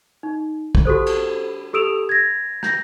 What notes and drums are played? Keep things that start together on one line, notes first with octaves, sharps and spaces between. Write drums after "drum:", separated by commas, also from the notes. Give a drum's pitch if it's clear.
D#4
drum: kick
F#4 G4 A4 C5
drum: cymbal
G4 A4 E6 D7 E7 F7
G#6 A#6
G6 A#6, drum: rim click